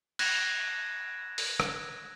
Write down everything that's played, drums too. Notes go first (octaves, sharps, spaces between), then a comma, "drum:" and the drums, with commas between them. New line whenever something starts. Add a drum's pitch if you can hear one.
F#6 G#6 A#6 E7, drum: cymbal
drum: open hi-hat
drum: rim click